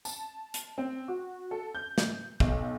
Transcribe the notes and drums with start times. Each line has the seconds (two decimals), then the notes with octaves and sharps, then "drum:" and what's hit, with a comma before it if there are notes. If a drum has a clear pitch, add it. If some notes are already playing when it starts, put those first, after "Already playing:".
0.05 A5, drum: tambourine
0.54 drum: hi-hat
0.78 C4
1.08 F#4
1.51 A4
1.75 G6
1.98 drum: snare
2.40 B1, drum: kick